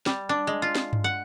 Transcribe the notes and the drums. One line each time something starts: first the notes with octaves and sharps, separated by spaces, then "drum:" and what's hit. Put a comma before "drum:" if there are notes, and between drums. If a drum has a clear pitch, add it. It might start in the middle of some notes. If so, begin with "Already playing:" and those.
G3, drum: snare
D4
G#3
F4
drum: snare
drum: tom G2
F#5